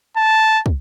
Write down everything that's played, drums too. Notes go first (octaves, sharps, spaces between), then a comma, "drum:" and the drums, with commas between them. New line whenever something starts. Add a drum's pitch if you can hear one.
A5
drum: kick